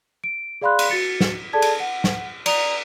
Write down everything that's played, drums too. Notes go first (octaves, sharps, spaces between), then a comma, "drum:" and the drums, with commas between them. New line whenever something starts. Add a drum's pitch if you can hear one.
D7
G#4 D5 F5 B5 C6 F#6
drum: cymbal
F#4 A6 C#7
drum: snare
G#4 A4 D5 A5 G#6
drum: cymbal
F#5
drum: snare
D5 A#5 D#6 F7, drum: cymbal